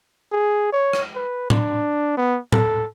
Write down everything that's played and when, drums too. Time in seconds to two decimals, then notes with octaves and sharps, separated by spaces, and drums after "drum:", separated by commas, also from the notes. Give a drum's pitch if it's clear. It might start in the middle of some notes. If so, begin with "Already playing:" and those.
0.32 G#4
0.72 C#5
0.93 drum: rim click
1.15 B4
1.50 D4, drum: tom A2
2.17 B3
2.52 A4, drum: tom A2